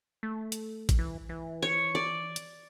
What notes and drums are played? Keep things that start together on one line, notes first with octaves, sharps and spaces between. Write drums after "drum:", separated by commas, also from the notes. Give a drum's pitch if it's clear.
A3
drum: hi-hat
drum: kick A1, hi-hat
E3
E3
C#5
D5
drum: hi-hat